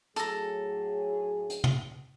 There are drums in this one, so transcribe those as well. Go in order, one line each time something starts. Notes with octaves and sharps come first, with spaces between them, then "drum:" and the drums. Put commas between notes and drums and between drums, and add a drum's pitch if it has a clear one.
A2 F#3 G#4 A4 A#5, drum: hi-hat
drum: hi-hat
drum: tom